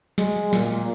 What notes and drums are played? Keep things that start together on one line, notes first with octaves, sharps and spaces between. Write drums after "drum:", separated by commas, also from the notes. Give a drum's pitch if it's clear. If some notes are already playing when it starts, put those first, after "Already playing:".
G#3, drum: snare
A#2, drum: snare